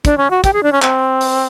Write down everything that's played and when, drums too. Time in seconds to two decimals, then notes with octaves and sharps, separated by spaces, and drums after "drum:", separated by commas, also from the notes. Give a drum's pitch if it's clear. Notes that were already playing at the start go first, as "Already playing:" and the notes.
0.05 D4, drum: kick, hi-hat
0.18 C#4
0.30 F#4
0.44 G4, drum: kick, hi-hat
0.53 G#4
0.63 D4
0.72 C#4
0.82 C4, drum: clap
1.21 drum: open hi-hat